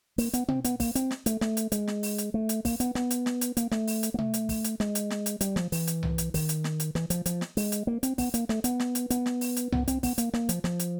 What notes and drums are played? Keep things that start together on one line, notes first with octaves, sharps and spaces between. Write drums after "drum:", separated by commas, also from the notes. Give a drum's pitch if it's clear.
A#3, drum: open hi-hat
B3, drum: hi-hat
C4, drum: tom B2
B3, drum: hi-hat
A#3, drum: kick, open hi-hat
C4, drum: hi-hat
drum: snare
A3, drum: hi-hat
A3, drum: snare
drum: hi-hat
G#3, drum: hi-hat
drum: snare
drum: open hi-hat
drum: hi-hat
A3
drum: hi-hat
A#3, drum: kick, open hi-hat
B3, drum: hi-hat
B3, drum: snare
drum: hi-hat
drum: snare
drum: hi-hat
A#3, drum: hi-hat
A3, drum: snare
drum: open hi-hat
drum: hi-hat
A#3
A3, drum: tom B2
drum: hi-hat
drum: kick, open hi-hat
drum: hi-hat
G#3, drum: snare
drum: hi-hat
drum: snare
drum: hi-hat
G3, drum: hi-hat
F3, drum: snare
E3, drum: open hi-hat
drum: hi-hat
drum: tom C2
drum: hi-hat
D#3, drum: kick, open hi-hat
drum: hi-hat
drum: snare
drum: hi-hat
E3, drum: snare
F3, drum: hi-hat
F3, drum: hi-hat
drum: snare
G#3, drum: open hi-hat
drum: hi-hat
A#3
C4, drum: hi-hat
B3, drum: kick, open hi-hat
A#3, drum: hi-hat
A3, drum: snare
B3, drum: hi-hat
drum: snare
drum: hi-hat
B3, drum: hi-hat
drum: snare
drum: open hi-hat
drum: hi-hat
B3, drum: tom C2
C4, drum: hi-hat
B3, drum: kick, open hi-hat
A#3, drum: hi-hat
A#3, drum: snare
F3, drum: hi-hat
F3, drum: snare
drum: hi-hat